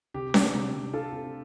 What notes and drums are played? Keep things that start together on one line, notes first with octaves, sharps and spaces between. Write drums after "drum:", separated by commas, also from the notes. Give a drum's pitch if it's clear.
C3 G4
D4, drum: snare C#4
C3
C3
A3 F4 A4
C3